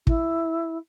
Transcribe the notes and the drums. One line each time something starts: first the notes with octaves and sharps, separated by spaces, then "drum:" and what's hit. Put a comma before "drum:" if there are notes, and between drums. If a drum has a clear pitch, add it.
E4, drum: kick